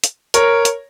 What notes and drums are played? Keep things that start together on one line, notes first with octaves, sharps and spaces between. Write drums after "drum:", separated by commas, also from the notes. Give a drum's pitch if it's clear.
drum: hi-hat
A#4 C#5, drum: hi-hat
drum: hi-hat